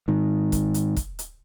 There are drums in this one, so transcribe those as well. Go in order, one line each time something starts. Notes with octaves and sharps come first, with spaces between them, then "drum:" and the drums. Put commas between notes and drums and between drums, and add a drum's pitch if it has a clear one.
G#2 D#3
drum: kick, hi-hat
drum: hi-hat
drum: kick, hi-hat
drum: hi-hat